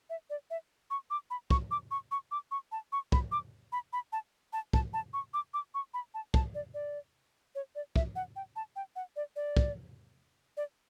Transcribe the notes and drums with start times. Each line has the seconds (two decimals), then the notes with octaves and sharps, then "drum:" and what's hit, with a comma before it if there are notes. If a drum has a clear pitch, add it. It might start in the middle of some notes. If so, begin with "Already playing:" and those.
0.10 E5
0.30 D5
0.50 E5
0.91 C#6
1.10 D6
1.30 B5
1.50 C#6, drum: kick
1.71 D6
1.91 C#6
2.11 C#6
2.31 D6
2.51 C#6
2.72 A5
2.92 C#6
3.12 B5, drum: kick
3.32 D6
3.72 B5
3.93 B5
4.12 A5
4.53 A5
4.73 A5, drum: kick
4.93 A5
5.13 C#6
5.34 D6
5.54 D6
5.74 C#6
5.94 B5
6.14 A5
6.34 A5, drum: kick
6.55 D5
6.74 D5
7.55 C#5
7.75 D5
7.96 E5, drum: kick
8.16 F#5
8.36 G5
8.56 A5
8.76 G5
8.96 F#5
9.16 D5
9.36 D5
9.57 drum: kick
10.57 D5